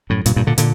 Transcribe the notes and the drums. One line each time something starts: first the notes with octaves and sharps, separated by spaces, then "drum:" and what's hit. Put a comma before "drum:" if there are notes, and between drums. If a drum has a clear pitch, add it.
F#2 A2
G2 A#2, drum: hi-hat
G2 A#2
A#2 D3
A#2 D3, drum: hi-hat